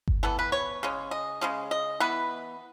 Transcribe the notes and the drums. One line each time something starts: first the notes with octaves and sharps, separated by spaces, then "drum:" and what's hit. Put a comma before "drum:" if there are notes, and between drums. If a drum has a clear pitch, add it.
drum: kick G1
E3 B3 A4
B4
C#5
C#3 G#3 C#4
D#5
C#3 G#3 C#4
D#5
E3 B3 B4